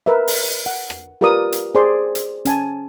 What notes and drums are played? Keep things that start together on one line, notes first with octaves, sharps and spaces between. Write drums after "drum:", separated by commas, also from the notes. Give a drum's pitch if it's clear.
A#4 B4 D#5 E5
drum: open hi-hat
F#5
drum: rim click
F4 G4 A#4 B4 D5 D#6
drum: hi-hat
G#4 C5 D5 C6
drum: hi-hat
C#4 G#5 A5, drum: hi-hat